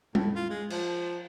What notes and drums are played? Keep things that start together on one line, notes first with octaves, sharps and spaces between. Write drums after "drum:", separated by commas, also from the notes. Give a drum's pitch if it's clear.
A2, drum: tom G3
F4
G#3
F3, drum: cymbal